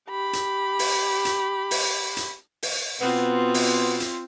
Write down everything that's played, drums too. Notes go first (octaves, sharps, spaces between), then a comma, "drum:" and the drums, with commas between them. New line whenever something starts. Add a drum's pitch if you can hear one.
G4 B5
drum: hi-hat
drum: open hi-hat
drum: hi-hat
drum: open hi-hat
drum: hi-hat
drum: open hi-hat
B2 B3 C4 F4
drum: open hi-hat
drum: hi-hat